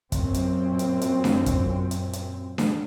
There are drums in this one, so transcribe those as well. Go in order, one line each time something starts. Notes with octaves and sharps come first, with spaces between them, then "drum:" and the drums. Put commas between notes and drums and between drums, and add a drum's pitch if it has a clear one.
F#2 A#2 C4, drum: kick, hi-hat
drum: hi-hat
drum: hi-hat
drum: hi-hat
drum: snare D4
drum: kick, hi-hat
drum: hi-hat
drum: hi-hat
drum: snare D4